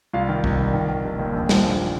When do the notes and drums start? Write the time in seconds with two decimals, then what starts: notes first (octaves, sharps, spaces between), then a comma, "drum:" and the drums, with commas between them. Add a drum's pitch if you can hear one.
0.13 C2 F4 F5
0.29 D#3
0.44 C2, drum: kick A#1
0.59 C2
0.74 D#3
0.89 D#3
1.04 F1
1.19 D#2
1.34 A#1
1.49 F3, drum: snare
1.64 A#1